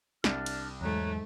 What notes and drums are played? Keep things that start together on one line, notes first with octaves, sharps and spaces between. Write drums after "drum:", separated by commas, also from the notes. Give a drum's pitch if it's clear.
C2 D4 F6, drum: snare
drum: cymbal
E2 G#2 F#3 A3 C#5 A#5 F#6